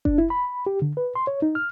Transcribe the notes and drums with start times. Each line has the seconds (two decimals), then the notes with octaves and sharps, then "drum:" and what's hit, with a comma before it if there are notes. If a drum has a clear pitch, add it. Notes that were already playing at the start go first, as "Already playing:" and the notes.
0.05 D4, drum: kick F#1
0.18 E4
0.30 B5
0.66 G4
0.82 D3
0.97 B4
1.15 C6
1.27 C#5
1.42 D#4
1.55 F6